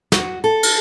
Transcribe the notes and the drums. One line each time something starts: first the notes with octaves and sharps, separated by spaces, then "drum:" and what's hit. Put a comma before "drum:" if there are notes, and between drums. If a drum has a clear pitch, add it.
F#4, drum: snare
A4
drum: cymbal